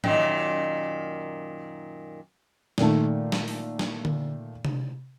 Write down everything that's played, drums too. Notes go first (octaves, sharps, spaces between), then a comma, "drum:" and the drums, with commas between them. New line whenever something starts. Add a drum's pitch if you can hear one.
F#2 A#2 D#3, drum: tom
A#2 D#3 A3, drum: snare
drum: snare
drum: open hi-hat
drum: snare
drum: tom D3
drum: tom C3